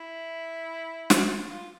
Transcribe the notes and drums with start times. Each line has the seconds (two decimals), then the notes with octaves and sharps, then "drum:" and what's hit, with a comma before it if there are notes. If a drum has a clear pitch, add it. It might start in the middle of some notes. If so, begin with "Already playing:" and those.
Already playing: E4
1.10 drum: snare
1.51 F4